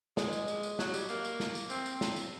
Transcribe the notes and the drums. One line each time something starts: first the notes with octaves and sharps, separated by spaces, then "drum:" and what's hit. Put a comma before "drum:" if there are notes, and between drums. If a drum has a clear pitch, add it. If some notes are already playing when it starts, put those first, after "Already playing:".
G#3, drum: snare
drum: tambourine
drum: tambourine
drum: tambourine
F#3, drum: snare
G3, drum: tambourine
A#3, drum: tambourine
drum: tambourine
drum: snare
drum: tambourine
C4, drum: tambourine
drum: tambourine
drum: snare
drum: tambourine